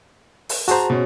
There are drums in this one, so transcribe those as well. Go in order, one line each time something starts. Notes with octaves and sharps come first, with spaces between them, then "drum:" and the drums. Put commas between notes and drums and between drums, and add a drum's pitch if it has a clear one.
drum: open hi-hat
F#4 G#4 C5 A5 A#5, drum: hi-hat
B2 C#4